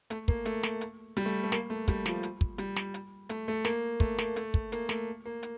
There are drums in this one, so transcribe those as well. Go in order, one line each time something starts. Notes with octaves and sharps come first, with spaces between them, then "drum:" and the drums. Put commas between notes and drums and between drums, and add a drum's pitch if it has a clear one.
A3, drum: hi-hat
A#3, drum: kick
A3, drum: hi-hat
drum: snare
drum: hi-hat
G3, drum: hi-hat
A3
A3
A#3, drum: snare
A3
G3, drum: kick, hi-hat
F3, drum: snare
drum: hi-hat
drum: kick
G3, drum: hi-hat
drum: snare
drum: hi-hat
A3, drum: hi-hat
A3
A#3, drum: snare
A3, drum: kick
A#3, drum: snare
A3, drum: hi-hat
drum: kick
A#3, drum: hi-hat
A3, drum: snare
A#3
drum: hi-hat